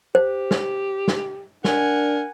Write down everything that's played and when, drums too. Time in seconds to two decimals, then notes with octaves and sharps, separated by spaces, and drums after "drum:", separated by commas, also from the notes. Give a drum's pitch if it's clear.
0.15 G4 C5
0.51 drum: snare
1.08 drum: snare
1.65 D4 A#4 F#5 G#5, drum: snare